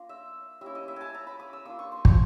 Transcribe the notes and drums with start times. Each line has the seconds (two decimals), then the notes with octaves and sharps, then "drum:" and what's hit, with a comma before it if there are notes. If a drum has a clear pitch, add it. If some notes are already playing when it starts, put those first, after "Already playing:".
Already playing: A#3 D4 F4
0.09 E5
0.61 G3 A#3 C#4 E4 E5
0.75 D#5
0.88 E5
0.96 G#5 A5
1.14 A#5
1.27 B5
1.39 D#6
1.53 E6
1.65 A#3 D4 F4 D#6
1.79 C#6
1.92 C6
2.05 C#6, drum: kick